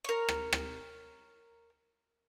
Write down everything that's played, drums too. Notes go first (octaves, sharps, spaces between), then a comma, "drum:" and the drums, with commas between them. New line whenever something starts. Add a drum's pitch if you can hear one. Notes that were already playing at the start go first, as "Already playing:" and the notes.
A#4 C#5
drum: rim click
drum: rim click